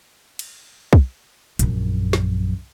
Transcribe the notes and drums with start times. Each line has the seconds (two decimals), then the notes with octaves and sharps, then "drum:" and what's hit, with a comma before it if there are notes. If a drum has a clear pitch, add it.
0.39 drum: cymbal
0.93 drum: kick
1.59 A#1 F#2, drum: hi-hat
2.13 drum: snare